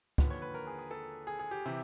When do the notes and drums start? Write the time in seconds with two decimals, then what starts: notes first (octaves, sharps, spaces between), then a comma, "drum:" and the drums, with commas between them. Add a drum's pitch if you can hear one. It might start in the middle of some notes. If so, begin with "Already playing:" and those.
0.18 D#2 D3 F3 B4, drum: kick
0.30 C#5
0.42 B4
0.54 A#4
0.67 G#4
0.79 G#4
0.91 A4
1.27 G#4
1.39 G#4
1.51 G4
1.66 C3 E3